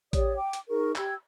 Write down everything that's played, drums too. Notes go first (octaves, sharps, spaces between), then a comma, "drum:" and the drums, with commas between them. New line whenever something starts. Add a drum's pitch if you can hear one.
G4 C#5 D5 D#6, drum: kick A1, hi-hat
G5 D6
drum: hi-hat
D#4 G#4 A#4 C#6
G4 G5 E6 G#6, drum: clap